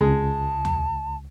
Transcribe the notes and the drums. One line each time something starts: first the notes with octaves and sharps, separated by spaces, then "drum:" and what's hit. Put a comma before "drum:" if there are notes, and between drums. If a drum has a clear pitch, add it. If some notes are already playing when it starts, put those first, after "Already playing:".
C#2 G#3 A5
drum: tom